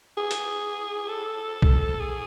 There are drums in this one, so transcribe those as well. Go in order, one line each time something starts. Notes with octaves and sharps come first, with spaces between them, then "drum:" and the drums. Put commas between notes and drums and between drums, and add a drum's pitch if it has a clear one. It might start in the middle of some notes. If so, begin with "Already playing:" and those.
G#4
drum: hi-hat
A4
drum: kick B1
G#4